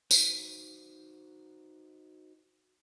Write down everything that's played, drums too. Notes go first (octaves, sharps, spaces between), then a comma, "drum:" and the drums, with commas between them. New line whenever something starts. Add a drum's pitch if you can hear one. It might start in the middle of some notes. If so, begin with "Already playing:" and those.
D#4 F#4 B4 C5, drum: tambourine